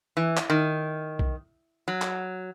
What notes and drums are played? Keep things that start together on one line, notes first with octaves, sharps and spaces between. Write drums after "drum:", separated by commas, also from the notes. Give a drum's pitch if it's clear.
E3
drum: clap
D#3
drum: kick B1
F#3
drum: clap